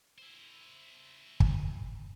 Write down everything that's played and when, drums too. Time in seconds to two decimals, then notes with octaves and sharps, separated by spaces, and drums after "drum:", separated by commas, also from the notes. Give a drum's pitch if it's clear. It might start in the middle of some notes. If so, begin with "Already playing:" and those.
0.18 E4 C5
1.40 drum: kick